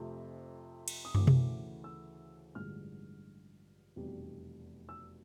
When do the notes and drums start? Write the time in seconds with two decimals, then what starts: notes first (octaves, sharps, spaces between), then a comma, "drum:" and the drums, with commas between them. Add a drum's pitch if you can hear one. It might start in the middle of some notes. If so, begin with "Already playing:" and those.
Already playing: F2 C3 F3 A3 C4
0.88 drum: cymbal
1.05 D#6
1.15 D2 C#3 E3 A3 D6, drum: tom
1.27 drum: tom B2
1.84 E6
2.55 A1 G2 D3 F3 G#3 F6
3.96 F1 E2 B2 G3
4.89 E6